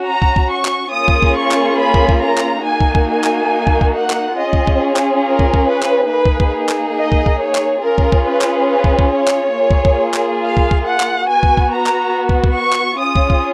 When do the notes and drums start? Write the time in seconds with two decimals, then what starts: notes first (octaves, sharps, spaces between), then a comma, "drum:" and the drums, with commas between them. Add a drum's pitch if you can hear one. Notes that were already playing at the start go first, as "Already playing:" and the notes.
Already playing: C#4 F#4
0.08 A#5
0.22 drum: kick
0.36 drum: kick
0.51 C#6
0.65 drum: clap
0.93 A#3 C#4 F4 G#4 D#6
1.08 drum: kick
1.22 drum: kick
1.37 C#6
1.51 drum: clap
1.80 B5
1.94 drum: kick
2.09 drum: kick
2.23 A#5
2.37 drum: clap
2.66 A#3 D#4 F#4 G#5
2.81 drum: kick
2.95 drum: kick
3.09 G#5
3.24 drum: clap
3.67 drum: kick
3.81 drum: kick
3.96 F#5
4.10 drum: clap
4.39 C#4 F4 G#4 D#5
4.53 drum: kick
4.67 drum: kick
4.96 drum: clap
5.25 A#4
5.39 drum: kick
5.54 drum: kick
5.68 B4
5.82 drum: clap
6.11 A#3 D#4 G#4 B4
6.26 drum: kick
6.40 drum: kick
6.69 drum: clap
6.97 D#5
7.12 drum: kick
7.26 drum: kick
7.40 C#5
7.55 drum: clap
7.84 C#4 F4 G#4 A#4
7.98 drum: kick
8.12 drum: kick
8.27 B4
8.41 drum: clap
8.70 B4
8.84 drum: kick
8.99 drum: kick
9.13 C#5
9.27 drum: clap
9.56 A#3 F4 G#4
9.71 drum: kick
9.85 drum: kick
10.14 drum: clap
10.42 F5
10.57 drum: kick
10.71 drum: kick
10.86 F#5
11.00 drum: clap
11.28 B3 F#4 G#5
11.43 drum: kick
11.57 drum: kick
11.72 A#5
11.86 drum: clap
12.29 drum: kick
12.44 drum: kick
12.58 C#6
12.72 drum: clap
13.01 C#4 F4 G#4 D#6
13.16 drum: kick
13.30 drum: kick